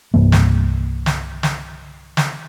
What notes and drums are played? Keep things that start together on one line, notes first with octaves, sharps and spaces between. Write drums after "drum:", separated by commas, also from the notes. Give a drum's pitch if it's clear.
C2 G2 E3 A#3
drum: snare
drum: snare
drum: snare
drum: snare